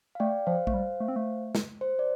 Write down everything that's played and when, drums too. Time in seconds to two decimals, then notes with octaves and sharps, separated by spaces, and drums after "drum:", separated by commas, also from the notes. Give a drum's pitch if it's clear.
0.15 F5
0.20 A3 D5 G5
0.47 F3 C5 F5
0.67 A3, drum: kick
0.74 G3
1.00 A3
1.08 C4
1.16 A3
1.55 drum: snare
1.81 C5
1.99 D5